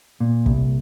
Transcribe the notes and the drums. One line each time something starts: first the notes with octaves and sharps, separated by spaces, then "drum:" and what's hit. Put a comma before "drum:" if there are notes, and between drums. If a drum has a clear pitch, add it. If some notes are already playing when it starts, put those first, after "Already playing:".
A#2
C2, drum: kick